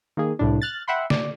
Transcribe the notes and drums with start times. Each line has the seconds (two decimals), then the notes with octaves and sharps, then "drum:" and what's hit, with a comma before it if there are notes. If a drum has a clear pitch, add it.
0.17 D#3 A#3 G#4
0.39 C2 A2 D4
0.62 F6 F#6 A6
0.88 E5 F#5 G5 B5 C6
1.10 D5, drum: snare